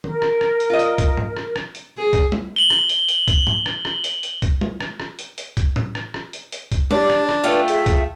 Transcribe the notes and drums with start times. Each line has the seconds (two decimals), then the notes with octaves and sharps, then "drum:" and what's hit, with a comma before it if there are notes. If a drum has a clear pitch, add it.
0.04 A#4, drum: tom D#3
0.22 drum: rim click
0.41 drum: rim click
0.60 drum: hi-hat
0.70 F4 D#5
0.79 drum: hi-hat
0.98 drum: kick, hi-hat
1.17 drum: tom
1.37 drum: rim click
1.56 drum: rim click
1.75 drum: hi-hat
1.98 G#4
2.13 drum: kick, hi-hat
2.32 drum: tom
2.56 F#7 G7
2.70 drum: rim click
2.89 drum: hi-hat
3.09 drum: hi-hat
3.28 drum: kick, hi-hat
3.47 drum: tom
3.66 drum: rim click
3.85 drum: rim click
4.04 drum: hi-hat
4.23 drum: hi-hat
4.42 drum: kick, hi-hat
4.61 drum: tom
4.80 drum: rim click
5.00 drum: rim click
5.19 drum: hi-hat
5.38 drum: hi-hat
5.57 drum: kick, hi-hat
5.76 drum: tom A2
5.95 drum: rim click
6.14 drum: rim click
6.33 drum: hi-hat
6.52 drum: hi-hat
6.72 drum: kick, hi-hat
6.91 D4 G4 D5, drum: tom
7.10 drum: rim click
7.29 drum: rim click
7.44 A3 F4 B4 G5
7.68 G#4 E5, drum: hi-hat
7.86 drum: kick, hi-hat